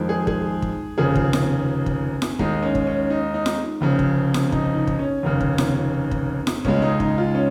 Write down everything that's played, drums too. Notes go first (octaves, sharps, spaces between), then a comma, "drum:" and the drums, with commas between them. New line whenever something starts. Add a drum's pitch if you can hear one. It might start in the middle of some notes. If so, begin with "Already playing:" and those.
Already playing: F2 D#3 G#3
G#4
G#4, drum: kick
drum: kick
F1 D#2 C#3 F3 G#4
drum: kick
drum: snare F4
drum: kick
drum: snare F4
D#2 D#3 G#3 D#4, drum: kick
C#4
drum: kick
C#4
D#4
D#4
drum: snare F4
F1 F2 C#3
drum: kick
drum: snare F4
D#4, drum: kick
D#4
drum: kick
C#4
F1 D#2 C#3
drum: kick
drum: snare F4
drum: kick
drum: snare F4
C#2 C#3 G#3 C#4, drum: kick
D#4
D#4, drum: kick
F4
C#4